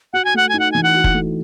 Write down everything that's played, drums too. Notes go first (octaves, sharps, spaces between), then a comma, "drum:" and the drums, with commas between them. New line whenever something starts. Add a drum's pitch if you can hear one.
F#4 F#5
G#5
A3 F#5
D#4 G#5
F#5
E3 G#5
F#5
F#4
drum: kick F1
A3